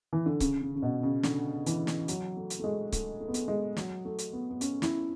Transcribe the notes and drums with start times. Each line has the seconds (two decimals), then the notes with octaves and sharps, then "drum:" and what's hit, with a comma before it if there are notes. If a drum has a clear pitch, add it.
0.13 E3
0.26 D3
0.40 C#3, drum: kick C#1, hi-hat
0.61 C#3
0.75 C#3
0.82 B2
1.03 C#3
1.23 D3, drum: snare
1.66 E3, drum: hi-hat
1.87 drum: snare
2.08 F#3, drum: hi-hat
2.36 A3
2.50 drum: hi-hat
2.59 A3
2.64 G#3
2.92 A3, drum: kick C#1, hi-hat
3.20 A3
3.28 B3
3.34 A3, drum: hi-hat
3.48 G#3
3.77 F#3, drum: snare
4.05 A3
4.18 drum: hi-hat
4.33 B3
4.50 B3
4.61 C#4, drum: hi-hat
4.82 E4, drum: snare